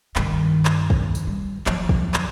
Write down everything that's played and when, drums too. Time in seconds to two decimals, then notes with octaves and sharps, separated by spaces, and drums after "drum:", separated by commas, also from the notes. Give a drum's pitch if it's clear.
0.16 G2 D#3, drum: clap
0.65 drum: clap
0.90 drum: kick
1.15 drum: tambourine
1.27 G3
1.66 F3 F#3, drum: clap
1.89 drum: kick
2.14 drum: clap